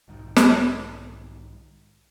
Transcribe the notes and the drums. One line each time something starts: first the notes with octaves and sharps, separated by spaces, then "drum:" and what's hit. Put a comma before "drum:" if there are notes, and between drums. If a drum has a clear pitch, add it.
B1 G#2 D#3
drum: snare